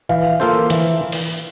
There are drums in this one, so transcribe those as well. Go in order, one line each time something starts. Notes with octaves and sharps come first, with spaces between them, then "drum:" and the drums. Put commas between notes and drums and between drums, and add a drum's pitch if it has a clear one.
E3 F5
A#3 F4 A4 C5
E3, drum: hi-hat
drum: open hi-hat